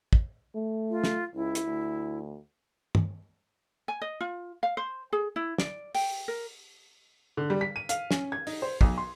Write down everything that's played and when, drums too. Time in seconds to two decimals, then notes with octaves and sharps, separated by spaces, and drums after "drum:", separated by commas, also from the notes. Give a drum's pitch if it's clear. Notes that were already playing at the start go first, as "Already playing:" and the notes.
0.13 drum: kick
0.55 A3
0.90 F4
1.04 drum: snare
1.35 C#2 E4
1.55 drum: hi-hat
1.64 D2
2.95 drum: tom
3.88 G#5
4.02 D#5
4.21 F4
4.63 F5
4.77 C5
5.13 G#4
5.36 E4
5.58 D5, drum: snare
5.95 G5, drum: open hi-hat
6.28 A#4
7.37 D3
7.50 G3
7.61 B6
7.76 D#7
7.89 F5, drum: hi-hat
8.11 C#4, drum: snare
8.32 G#6
8.47 D#4, drum: open hi-hat
8.62 C5
8.81 B1, drum: kick
8.98 C6